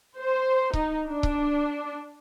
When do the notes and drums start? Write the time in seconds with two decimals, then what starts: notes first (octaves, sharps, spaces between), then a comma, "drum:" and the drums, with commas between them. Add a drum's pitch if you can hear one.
0.18 C5
0.73 D#4, drum: kick C#1
1.08 D4
1.23 drum: kick C#1